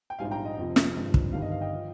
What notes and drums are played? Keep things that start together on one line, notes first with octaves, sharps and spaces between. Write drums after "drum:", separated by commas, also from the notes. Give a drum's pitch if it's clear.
G5
A#1 G#2 G3 F5 G#5
G5 A#5
D#5
F1 F2 C3 F3
drum: snare
G#1 G2 F3 G#3
drum: kick
G1 G2 D#3 G3 F5
D#5
F5
D#5 G5
F3